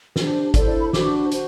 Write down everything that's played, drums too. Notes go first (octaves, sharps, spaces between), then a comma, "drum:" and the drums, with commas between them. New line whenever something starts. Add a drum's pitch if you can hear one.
D4 G4 C5, drum: snare
E4 A4 C5 D5, drum: kick, hi-hat
D5
B5
D4 F#4 C5 D6, drum: snare
F#4 C5, drum: hi-hat